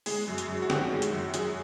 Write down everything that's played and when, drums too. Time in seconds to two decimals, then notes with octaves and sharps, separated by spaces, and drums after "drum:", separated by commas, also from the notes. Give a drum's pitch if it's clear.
0.06 G#3 G#4, drum: open hi-hat
0.28 F#2
0.38 drum: hi-hat
0.48 F#2
0.62 F#4
0.70 D#3 G4, drum: snare
0.92 G#3
1.02 drum: hi-hat
1.12 F#2
1.34 F#3 G#4, drum: hi-hat